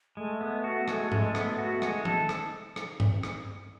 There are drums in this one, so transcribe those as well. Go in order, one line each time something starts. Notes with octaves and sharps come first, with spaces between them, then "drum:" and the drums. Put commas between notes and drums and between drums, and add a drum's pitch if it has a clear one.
G#3 A3
B3
F#4
G#3, drum: rim click
G#3, drum: tom G#2
B3, drum: rim click
F#4
G#3, drum: rim click
A4, drum: tom D#3
drum: rim click
drum: rim click
drum: tom G2
drum: rim click